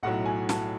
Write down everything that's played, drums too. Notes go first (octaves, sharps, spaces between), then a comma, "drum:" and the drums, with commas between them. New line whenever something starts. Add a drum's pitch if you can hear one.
B1 A2 F#3 F#5
G#5
A5, drum: snare